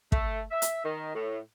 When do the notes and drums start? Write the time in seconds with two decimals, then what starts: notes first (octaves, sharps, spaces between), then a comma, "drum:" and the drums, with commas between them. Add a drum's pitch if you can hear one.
0.12 A3, drum: kick
0.51 E5
0.62 drum: hi-hat
0.84 D#3
1.15 A2